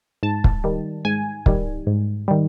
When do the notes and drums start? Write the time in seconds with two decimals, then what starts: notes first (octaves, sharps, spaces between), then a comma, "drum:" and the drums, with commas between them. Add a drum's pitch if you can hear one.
0.23 G#2 A5
0.44 drum: kick
0.64 D#3 G3
1.05 G#2 G#5
1.46 D#3 G3, drum: kick
1.87 G#2
2.28 D#3 G3